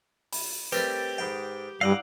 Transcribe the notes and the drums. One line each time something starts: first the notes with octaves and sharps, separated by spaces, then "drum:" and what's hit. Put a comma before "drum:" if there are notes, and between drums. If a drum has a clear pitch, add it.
B5, drum: open hi-hat
G3 A3 C4 G4 A#4 B4, drum: tambourine
G#2 F#5 G5 B5 D#6
G2 E4 D5 D#5 F5 F#5 D6 E6